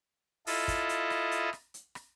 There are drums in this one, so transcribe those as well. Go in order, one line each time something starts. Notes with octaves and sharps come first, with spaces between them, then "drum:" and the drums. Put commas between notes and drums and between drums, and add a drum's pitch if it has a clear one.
E4 F4 A4 D#5, drum: open hi-hat
drum: kick, hi-hat
drum: hi-hat
drum: rim click
drum: hi-hat
drum: rim click
drum: hi-hat
drum: rim click